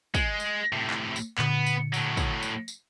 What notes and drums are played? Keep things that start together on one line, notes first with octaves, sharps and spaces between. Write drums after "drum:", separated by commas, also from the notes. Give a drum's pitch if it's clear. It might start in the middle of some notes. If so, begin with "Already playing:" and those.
G#3, drum: kick, tambourine
drum: tambourine
A2 C3
drum: clap
drum: tambourine
A#2 D3 B3, drum: clap
drum: tambourine
A2 F#3, drum: tambourine
drum: kick, tambourine
drum: tambourine
drum: tambourine